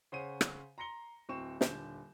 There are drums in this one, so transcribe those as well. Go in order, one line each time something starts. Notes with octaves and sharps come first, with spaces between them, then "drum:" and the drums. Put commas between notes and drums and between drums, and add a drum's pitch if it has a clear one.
C#3 C5 C#5 F#5 D#7
drum: rim click
A#5 C6 A#6 C#7 G7
D1 C4 C#6 E7
D#1 D3 G6 E7, drum: snare